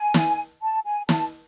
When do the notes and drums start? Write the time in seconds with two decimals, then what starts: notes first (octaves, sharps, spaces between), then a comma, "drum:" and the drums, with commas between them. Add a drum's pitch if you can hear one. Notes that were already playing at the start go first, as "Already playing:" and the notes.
Already playing: G#5
0.14 drum: snare
0.62 A5
0.85 G#5
1.09 A5, drum: snare